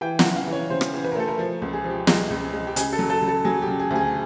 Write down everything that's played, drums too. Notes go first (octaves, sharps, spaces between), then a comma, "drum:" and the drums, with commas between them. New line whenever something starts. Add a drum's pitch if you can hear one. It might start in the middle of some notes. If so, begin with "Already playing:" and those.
E3 G5
F#5, drum: snare
C#3
F5
E3
C#5
C#3 C5
drum: rim click
E3
B4
A#4
A3 A4
A#4
F3
C#2
G#4
F3
G4
G#3, drum: snare
C#2
G#3
G4
C#3 G#4, drum: hi-hat
A4
F#3
A4
C#3
A4
F#3 G#4
G4
C#3
G#4
D2
G#4